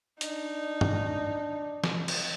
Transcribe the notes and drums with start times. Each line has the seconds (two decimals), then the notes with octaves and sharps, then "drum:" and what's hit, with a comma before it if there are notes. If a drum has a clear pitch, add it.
0.21 D4 D#4, drum: hi-hat
0.81 drum: tom
1.84 drum: snare
2.08 drum: cymbal